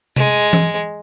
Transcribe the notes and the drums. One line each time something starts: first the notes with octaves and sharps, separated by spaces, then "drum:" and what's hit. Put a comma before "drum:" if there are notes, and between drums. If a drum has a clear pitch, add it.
G#3, drum: tom C3
drum: tom E3